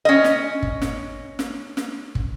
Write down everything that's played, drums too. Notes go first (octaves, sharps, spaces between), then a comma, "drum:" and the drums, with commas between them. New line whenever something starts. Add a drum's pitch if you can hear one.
C#4 D#5
drum: snare
drum: kick
drum: snare
drum: snare
drum: snare
drum: kick